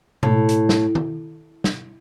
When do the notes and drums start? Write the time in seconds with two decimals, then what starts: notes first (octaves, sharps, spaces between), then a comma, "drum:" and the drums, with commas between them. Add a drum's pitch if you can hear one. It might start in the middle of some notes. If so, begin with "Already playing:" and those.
0.23 A2, drum: tom B2
0.49 drum: hi-hat
0.69 drum: snare
0.95 drum: tom
1.64 drum: snare